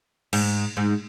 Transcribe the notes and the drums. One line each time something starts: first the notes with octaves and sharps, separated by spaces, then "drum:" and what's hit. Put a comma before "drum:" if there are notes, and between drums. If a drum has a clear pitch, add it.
G#2, drum: cymbal
G#2